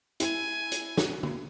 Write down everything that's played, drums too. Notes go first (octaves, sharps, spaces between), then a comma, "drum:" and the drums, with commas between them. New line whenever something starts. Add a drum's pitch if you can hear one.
E4 G#5, drum: hi-hat
drum: hi-hat
drum: snare
drum: tom D3